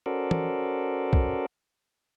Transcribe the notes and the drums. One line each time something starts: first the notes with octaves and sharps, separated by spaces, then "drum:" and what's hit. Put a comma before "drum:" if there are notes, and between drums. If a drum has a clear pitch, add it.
C#4 F#4 A4 A#4 C5 D5
drum: tom E3
drum: kick